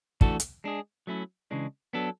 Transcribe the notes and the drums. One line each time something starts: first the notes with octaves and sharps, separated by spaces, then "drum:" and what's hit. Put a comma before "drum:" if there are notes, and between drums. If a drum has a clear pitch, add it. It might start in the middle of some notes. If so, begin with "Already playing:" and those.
E3 A3 D4 F#4 A4, drum: kick
drum: hi-hat
G#3 D4 G#4
F#3 A3 C#4 E4
C#3 E3 G#3 D4
F#3 B3 D4 A4